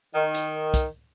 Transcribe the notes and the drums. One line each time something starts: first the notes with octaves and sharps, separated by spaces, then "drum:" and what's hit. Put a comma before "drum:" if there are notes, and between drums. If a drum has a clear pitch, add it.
D#3
drum: hi-hat
drum: kick, hi-hat